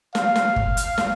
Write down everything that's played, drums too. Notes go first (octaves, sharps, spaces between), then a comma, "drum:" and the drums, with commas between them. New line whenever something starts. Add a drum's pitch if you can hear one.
F5, drum: snare
drum: snare
drum: kick G1
drum: hi-hat
drum: snare